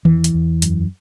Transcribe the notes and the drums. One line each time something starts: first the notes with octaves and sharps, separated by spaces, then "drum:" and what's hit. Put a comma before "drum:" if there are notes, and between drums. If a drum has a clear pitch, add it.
E2 E3, drum: tom D#3
drum: hi-hat
E2
F#2, drum: hi-hat